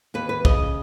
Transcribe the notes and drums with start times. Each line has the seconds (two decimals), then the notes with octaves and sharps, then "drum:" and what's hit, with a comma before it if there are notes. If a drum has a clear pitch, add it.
0.14 D#2 B4
0.29 B4
0.45 C#3 D#5, drum: kick